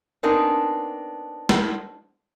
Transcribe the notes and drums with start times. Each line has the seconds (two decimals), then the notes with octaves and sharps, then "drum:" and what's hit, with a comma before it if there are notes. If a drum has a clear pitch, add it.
0.23 B3 C4 D4 D#4 A#4 G#5
1.49 drum: snare